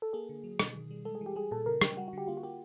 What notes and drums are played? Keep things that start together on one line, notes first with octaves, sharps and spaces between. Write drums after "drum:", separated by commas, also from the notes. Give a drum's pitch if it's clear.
A4
A#3 G#4
D3
F#3
B2, drum: rim click
D#3
G3
G#3 A4
G#4
E3
G4
G3 G#4
A#2 A4
C#3 A#4
C#3 G4, drum: rim click
G3 F#4
F#4
D3 G4
A#3 F4
F#4
A#3 G4